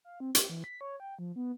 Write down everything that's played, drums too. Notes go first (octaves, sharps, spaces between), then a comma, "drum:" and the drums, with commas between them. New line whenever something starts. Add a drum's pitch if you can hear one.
F5
C4
G4, drum: hi-hat
E3
B6
C#5
G5
F3
B3